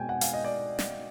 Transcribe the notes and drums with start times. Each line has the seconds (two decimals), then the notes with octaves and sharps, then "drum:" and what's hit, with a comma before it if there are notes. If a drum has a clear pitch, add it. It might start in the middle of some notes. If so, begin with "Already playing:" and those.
Already playing: B2 G#3 C4 G5 G#5
0.09 F#5
0.21 F5, drum: hi-hat
0.33 D#5
0.44 D5
0.79 drum: snare